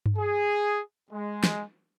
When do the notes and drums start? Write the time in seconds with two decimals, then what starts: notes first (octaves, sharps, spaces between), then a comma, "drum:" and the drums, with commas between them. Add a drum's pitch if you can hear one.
0.06 drum: tom G2
0.17 G#4
1.11 G#3
1.44 drum: snare